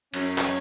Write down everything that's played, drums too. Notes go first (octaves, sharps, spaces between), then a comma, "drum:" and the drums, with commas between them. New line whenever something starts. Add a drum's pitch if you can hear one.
F#2 C#4, drum: cymbal
drum: clap